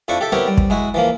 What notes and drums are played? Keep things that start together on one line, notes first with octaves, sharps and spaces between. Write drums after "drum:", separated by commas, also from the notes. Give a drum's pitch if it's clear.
F2 F3 D4 E4 C#6
G4 A4 E5
B3 C4 E4 G4 A#4 C#5
G3
drum: kick
G#3 E4 F#4
E3 F3 A#3